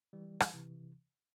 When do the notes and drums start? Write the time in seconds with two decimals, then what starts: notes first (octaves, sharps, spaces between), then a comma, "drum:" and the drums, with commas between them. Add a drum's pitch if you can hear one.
0.13 E3 G3
0.40 drum: rim click
0.54 C3 E3